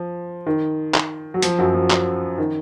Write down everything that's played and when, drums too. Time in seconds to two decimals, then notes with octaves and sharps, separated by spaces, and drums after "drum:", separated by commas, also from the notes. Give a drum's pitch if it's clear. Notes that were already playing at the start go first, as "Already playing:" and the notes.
Already playing: F3
0.46 D#3
0.94 drum: clap
1.34 F#3
1.42 F3, drum: hi-hat
1.59 F#2 F#3
1.74 F3
1.90 drum: clap
2.38 D#3